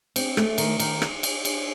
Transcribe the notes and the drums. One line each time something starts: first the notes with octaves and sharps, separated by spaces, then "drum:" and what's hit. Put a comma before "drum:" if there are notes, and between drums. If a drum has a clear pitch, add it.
C4, drum: cymbal
A3, drum: rim click
D#3, drum: cymbal
D#3, drum: cymbal
drum: rim click
drum: cymbal
drum: cymbal